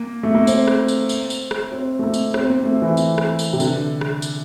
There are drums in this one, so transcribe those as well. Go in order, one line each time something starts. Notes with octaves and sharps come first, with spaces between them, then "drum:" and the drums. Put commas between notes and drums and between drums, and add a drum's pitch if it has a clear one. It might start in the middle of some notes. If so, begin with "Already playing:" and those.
Already playing: A#3
A3
A#3
C4, drum: tambourine
drum: rim click
drum: tambourine
drum: tambourine
drum: tambourine
drum: rim click
C4
A3
A#3
drum: tambourine
C4, drum: rim click
A#3
A3
E3
drum: tambourine
drum: rim click
drum: tambourine
C3
D3, drum: tambourine
drum: rim click
drum: tambourine